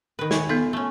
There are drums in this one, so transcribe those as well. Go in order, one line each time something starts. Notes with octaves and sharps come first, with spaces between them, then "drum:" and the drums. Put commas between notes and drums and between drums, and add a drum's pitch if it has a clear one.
D#3 B4
C#5 G#5, drum: snare
B3 D#4 F4 A4
A3 C#4